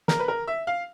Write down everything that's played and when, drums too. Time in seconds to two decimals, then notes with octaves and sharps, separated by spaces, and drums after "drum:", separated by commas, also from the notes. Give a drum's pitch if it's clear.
0.08 A#4, drum: snare
0.19 B4
0.28 A#4
0.47 E5
0.67 F5